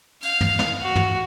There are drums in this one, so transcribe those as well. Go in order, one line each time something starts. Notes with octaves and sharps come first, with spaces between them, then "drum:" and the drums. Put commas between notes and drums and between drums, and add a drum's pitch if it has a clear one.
F5, drum: cymbal
drum: tom
drum: snare
F#4
drum: tom